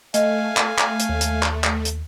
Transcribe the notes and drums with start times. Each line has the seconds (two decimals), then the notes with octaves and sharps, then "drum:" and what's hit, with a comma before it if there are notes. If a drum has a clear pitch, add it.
0.14 A3 D#5 F5 G#5, drum: hi-hat
0.57 drum: clap
0.78 drum: clap
1.00 drum: hi-hat
1.09 D#2
1.21 drum: hi-hat
1.42 drum: clap
1.64 drum: clap
1.85 drum: hi-hat